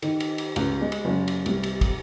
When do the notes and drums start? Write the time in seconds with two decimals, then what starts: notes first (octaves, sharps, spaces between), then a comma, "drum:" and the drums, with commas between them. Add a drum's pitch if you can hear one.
0.02 D#3, drum: cymbal
0.20 drum: cymbal
0.38 drum: cymbal
0.56 C#2, drum: cymbal
0.81 G#3
0.92 drum: cymbal
1.05 F#1
1.28 drum: cymbal
1.46 C2, drum: cymbal
1.63 drum: cymbal
1.81 drum: kick, cymbal